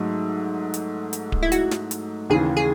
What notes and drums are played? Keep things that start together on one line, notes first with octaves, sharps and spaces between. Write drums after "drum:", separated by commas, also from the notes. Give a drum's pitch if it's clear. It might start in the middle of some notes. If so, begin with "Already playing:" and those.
Already playing: G#2 F#3 A3
drum: hi-hat
drum: hi-hat
drum: kick D1
E4
F#4, drum: hi-hat
drum: snare
drum: hi-hat
D#2 C#3 E3 G#4
G#4